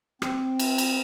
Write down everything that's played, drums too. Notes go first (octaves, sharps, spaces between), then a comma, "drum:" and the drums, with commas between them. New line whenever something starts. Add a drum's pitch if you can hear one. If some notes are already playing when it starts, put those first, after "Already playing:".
C4, drum: rim click
drum: cymbal
drum: cymbal